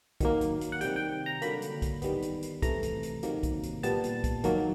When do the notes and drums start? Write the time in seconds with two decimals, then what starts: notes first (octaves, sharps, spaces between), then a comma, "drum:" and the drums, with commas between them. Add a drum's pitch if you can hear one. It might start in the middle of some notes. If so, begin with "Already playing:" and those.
0.20 D#3 F#3 A#3, drum: kick, hi-hat
0.41 drum: hi-hat
0.61 drum: hi-hat
0.72 F#5
0.81 C3 D#3 G3 G5, drum: hi-hat
0.96 G5
1.26 A#5
1.42 D3 F#3 A#3 B5, drum: hi-hat
1.62 drum: hi-hat
1.82 drum: kick, hi-hat
2.02 D#3 G3 B3, drum: hi-hat
2.22 drum: hi-hat
2.43 drum: hi-hat
2.62 C3 E3 A3 A#5, drum: kick, hi-hat
2.83 drum: hi-hat
3.03 drum: hi-hat
3.23 C3 D#3 F#3 A#3, drum: hi-hat
3.43 drum: kick, hi-hat
3.63 drum: hi-hat
3.83 A#2 G3 B3 A5, drum: hi-hat
4.04 drum: hi-hat
4.24 drum: kick, hi-hat
4.44 D#3 F#3 A#3, drum: hi-hat